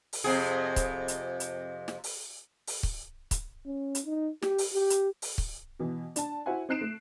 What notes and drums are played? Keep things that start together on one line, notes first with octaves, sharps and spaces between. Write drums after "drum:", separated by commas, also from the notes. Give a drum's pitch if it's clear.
drum: open hi-hat
F2 C3 G#4
drum: kick, hi-hat
drum: hi-hat
drum: hi-hat
drum: snare
drum: open hi-hat
drum: open hi-hat
drum: kick
drum: kick, hi-hat
C#4
drum: hi-hat
D#4
G4, drum: snare
drum: open hi-hat
G4
drum: hi-hat
drum: open hi-hat
drum: kick
B2 E3
D4 A5, drum: hi-hat
E4 F#4 C5 E5 F#5 G#5
C4 D#4 F#6 C7 D7 E7
A3